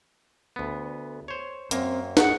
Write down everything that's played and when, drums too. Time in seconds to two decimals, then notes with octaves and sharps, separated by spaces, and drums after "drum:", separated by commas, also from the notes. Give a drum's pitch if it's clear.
0.56 D2 B3
1.28 C5 C#5
1.71 F#2 A#3 C4, drum: hi-hat
2.17 G#4 F#5, drum: snare